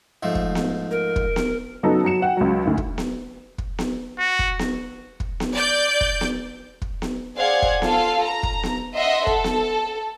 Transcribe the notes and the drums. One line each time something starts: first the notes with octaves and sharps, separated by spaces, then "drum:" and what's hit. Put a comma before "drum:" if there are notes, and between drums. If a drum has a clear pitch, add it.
G#2 F3 A3
drum: kick
drum: snare B3
A#4
drum: kick
drum: snare B3
C#3 F#3 B3 D#4 A4
F#3 F#4 C#7 E7
F#4 F#5 G5
C#2 F#3
G#1 D2
drum: kick
drum: snare B3
drum: kick
drum: snare B3
F#4
drum: kick
drum: snare B3
drum: kick
drum: snare B3
D5 G6
drum: kick
drum: snare B3
drum: kick
drum: snare B3
G#4 C5 D5 F5 F#5 G#6
drum: kick
F4 A4 F5, drum: snare B3
A#5
drum: kick
drum: snare B3
D#5 E5 F#5 C6
A4, drum: kick
drum: snare B3